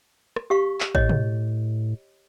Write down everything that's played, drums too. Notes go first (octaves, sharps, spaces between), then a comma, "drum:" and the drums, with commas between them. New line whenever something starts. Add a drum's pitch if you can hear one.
drum: rim click
G4 F5 C#6
drum: clap
A2 C#5 D#5, drum: kick G#1
drum: tom